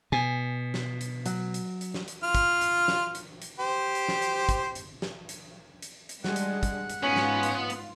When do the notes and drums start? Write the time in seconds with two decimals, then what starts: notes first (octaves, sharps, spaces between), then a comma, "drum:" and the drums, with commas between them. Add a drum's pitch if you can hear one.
0.12 B2 G#5
0.74 drum: snare
1.01 drum: hi-hat
1.26 F#3, drum: hi-hat
1.54 drum: hi-hat
1.81 drum: hi-hat
1.94 drum: snare
2.08 drum: hi-hat
2.23 F4 F6
2.35 drum: kick, hi-hat
2.61 drum: hi-hat
2.88 drum: snare
3.15 drum: hi-hat
3.42 drum: hi-hat
3.60 G4 C5
3.95 drum: hi-hat
4.09 drum: snare
4.22 drum: hi-hat
4.49 drum: kick, hi-hat
4.75 drum: hi-hat
5.02 drum: snare
5.29 drum: hi-hat
5.82 drum: hi-hat
6.09 drum: hi-hat
6.24 G3 G#3 D4 F#5, drum: snare
6.36 drum: hi-hat
6.63 drum: kick, hi-hat
6.90 drum: hi-hat
7.03 G#2 B3 C#4 F4
7.16 drum: snare
7.43 drum: hi-hat
7.70 drum: hi-hat